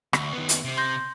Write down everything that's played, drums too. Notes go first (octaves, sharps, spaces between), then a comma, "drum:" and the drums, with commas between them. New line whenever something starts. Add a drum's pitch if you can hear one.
D2, drum: rim click
D#3 B3
drum: hi-hat
C3 C4
C6 G6 A#6